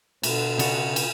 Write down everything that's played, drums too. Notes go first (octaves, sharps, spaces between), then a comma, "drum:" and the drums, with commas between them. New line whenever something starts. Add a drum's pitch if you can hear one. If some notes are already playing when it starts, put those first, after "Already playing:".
B2 D3, drum: cymbal
C#3 D4 F#4, drum: cymbal
drum: cymbal